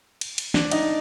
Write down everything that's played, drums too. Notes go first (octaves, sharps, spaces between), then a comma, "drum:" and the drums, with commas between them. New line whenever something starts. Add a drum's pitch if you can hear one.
drum: cymbal
drum: cymbal
D4, drum: snare
D#4, drum: cymbal